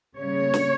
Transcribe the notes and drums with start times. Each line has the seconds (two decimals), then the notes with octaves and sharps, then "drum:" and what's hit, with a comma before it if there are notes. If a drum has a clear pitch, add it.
0.17 C#3 G3 A#3 C#5
0.54 drum: snare